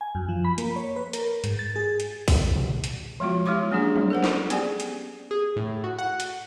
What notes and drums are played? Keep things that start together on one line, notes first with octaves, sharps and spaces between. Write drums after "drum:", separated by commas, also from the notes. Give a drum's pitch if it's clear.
G#5
F#2
F3
B5
A#3, drum: hi-hat
C#5
B4
A#4, drum: hi-hat
G#2, drum: hi-hat
A6
G#4
drum: hi-hat
drum: kick, open hi-hat
drum: tom A#2
drum: hi-hat
F3 G#3 B3 F4 F#4
G#3 E4 G4 C#5 C6 D6
F#3 A#3 C#4 D4 G#4
drum: tom F#3
A4 A#4 C5 F#5
drum: snare
B3 C#4 G4 G#4 D5 G#5, drum: hi-hat
drum: hi-hat
G#4
A2
F#4
F#5
drum: hi-hat